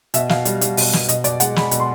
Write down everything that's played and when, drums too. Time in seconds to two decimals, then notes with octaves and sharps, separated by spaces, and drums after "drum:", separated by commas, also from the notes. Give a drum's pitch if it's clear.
0.14 B2 E5, drum: hi-hat
0.29 B2 F5, drum: snare
0.45 G3, drum: hi-hat
0.61 G3, drum: hi-hat
0.77 B2, drum: open hi-hat
0.93 B2, drum: snare
1.09 B2 D#5, drum: hi-hat
1.24 B2 D5, drum: hi-hat
1.40 G#3 F#5, drum: hi-hat
1.56 G#3 B5, drum: snare
1.71 B2, drum: hi-hat
1.80 C6